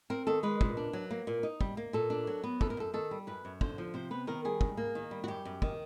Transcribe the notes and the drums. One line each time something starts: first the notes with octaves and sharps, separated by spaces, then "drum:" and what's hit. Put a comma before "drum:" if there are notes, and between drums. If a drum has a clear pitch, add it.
C4 A#4
D#3 A4
G#3 B4
A#2, drum: kick
D4
F#3
A#3
A#2
D#4
G3, drum: kick
A#3
A#2 A4
D4
F#3
B3
F#2 A4, drum: kick
A#4
F#2 A4
D#3 A4
G3
F#2 B4
F#2
D3 C5, drum: kick
F3
C3 C5
B3 B4
D#3 A#4
G3 G#4
G#2, drum: kick
A#3
D#3
G3
F#4
F#2 G4
F#2
D#3, drum: kick